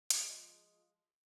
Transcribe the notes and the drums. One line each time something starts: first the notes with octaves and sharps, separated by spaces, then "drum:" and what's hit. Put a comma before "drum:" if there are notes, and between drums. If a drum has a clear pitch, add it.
F3 G#3, drum: hi-hat